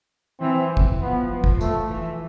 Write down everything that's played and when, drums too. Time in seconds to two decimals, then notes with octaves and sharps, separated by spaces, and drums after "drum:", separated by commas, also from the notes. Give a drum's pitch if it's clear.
0.40 E3 C4
0.77 drum: kick
1.00 F3 B3
1.30 F3
1.44 drum: kick
1.61 F3 A3, drum: tambourine
1.90 E3